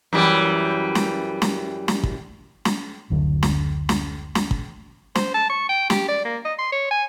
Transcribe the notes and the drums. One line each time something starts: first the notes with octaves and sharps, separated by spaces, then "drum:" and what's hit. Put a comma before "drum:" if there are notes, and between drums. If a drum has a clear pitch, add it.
F#2 E3 G3
drum: snare
drum: snare
drum: snare
drum: kick
drum: snare
F#1 D2 D3 F#3
drum: snare
drum: snare
drum: snare
drum: kick
C5, drum: snare
A5
C#6
G5
G4, drum: snare
D5
A#3
D#5
C6
C#5
G#5